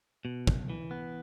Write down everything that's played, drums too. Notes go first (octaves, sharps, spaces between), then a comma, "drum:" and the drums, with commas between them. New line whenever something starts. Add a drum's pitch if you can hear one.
B2
B1, drum: kick
E3
B3